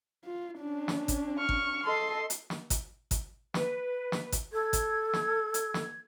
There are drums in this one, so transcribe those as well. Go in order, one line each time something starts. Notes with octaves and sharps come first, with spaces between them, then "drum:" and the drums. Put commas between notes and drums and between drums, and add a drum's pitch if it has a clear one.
F4
C#4 D4
drum: snare
drum: kick, hi-hat
C#6 F6
drum: kick
A4 D#5 C6
drum: hi-hat
drum: snare
drum: kick, hi-hat
drum: kick, hi-hat
B4, drum: snare
drum: snare
drum: kick, hi-hat
A4 G#6
drum: kick, hi-hat
drum: snare
drum: hi-hat
drum: snare